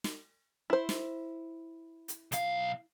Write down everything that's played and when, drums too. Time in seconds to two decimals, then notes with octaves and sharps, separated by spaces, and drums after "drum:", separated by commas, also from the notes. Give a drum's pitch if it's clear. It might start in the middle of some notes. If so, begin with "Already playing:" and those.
0.04 drum: snare
0.70 E4 C5
0.89 drum: snare
2.08 drum: hi-hat
2.32 B1 F5, drum: hi-hat